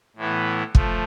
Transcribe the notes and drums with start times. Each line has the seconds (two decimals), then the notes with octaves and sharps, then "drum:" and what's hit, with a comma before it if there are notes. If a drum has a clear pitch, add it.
0.16 A2 E3 B3
0.75 F3 A3, drum: kick